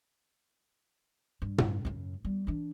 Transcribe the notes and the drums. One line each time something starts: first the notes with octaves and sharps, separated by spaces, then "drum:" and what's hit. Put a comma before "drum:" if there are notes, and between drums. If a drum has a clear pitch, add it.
G2
G2 C3, drum: tom
F#2 C#3
G3 B3
E3 D4